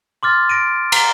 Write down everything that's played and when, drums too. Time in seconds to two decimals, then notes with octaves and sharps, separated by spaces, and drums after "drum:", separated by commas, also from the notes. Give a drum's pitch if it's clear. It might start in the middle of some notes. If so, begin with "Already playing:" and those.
0.23 C6 D6 F6 A6
0.49 A#6 D7 D#7
0.92 A#5 C7, drum: cymbal